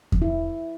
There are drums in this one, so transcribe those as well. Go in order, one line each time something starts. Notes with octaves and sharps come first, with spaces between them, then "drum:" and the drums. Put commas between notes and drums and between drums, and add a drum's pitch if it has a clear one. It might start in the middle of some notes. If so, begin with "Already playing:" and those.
drum: kick E2
E4